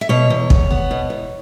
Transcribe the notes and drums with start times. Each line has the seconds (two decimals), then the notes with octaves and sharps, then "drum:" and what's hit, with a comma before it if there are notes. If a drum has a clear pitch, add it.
0.01 E5
0.09 B2 C#5
0.30 E2
0.50 E2, drum: kick
0.71 B3
0.91 B2
1.10 E2